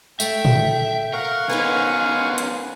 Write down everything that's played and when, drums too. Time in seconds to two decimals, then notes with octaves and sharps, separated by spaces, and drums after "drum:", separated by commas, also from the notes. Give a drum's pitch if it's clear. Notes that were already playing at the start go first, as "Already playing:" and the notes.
0.20 A3 E5 G5, drum: tambourine
0.45 drum: tom A2
1.13 A#4 F5 F#5 C#6
1.49 B3 C#4 D#4 A#4 B4 G#5
2.38 drum: hi-hat